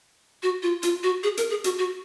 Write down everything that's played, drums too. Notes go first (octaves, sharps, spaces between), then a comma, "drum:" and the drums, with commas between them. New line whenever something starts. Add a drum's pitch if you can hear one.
F#4
F4
F4, drum: hi-hat
F#4
G#4
A#4, drum: hi-hat
G#4
F#4, drum: hi-hat
F#4